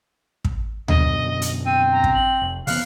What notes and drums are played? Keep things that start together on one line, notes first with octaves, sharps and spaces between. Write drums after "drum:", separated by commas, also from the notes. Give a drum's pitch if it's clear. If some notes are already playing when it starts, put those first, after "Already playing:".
drum: kick
F#2 B2 D3 D#5, drum: tom D2
drum: hi-hat
C4 D#7
A#5
drum: kick
F#7
F1
C#3 E3 B3 F5 F#6, drum: open hi-hat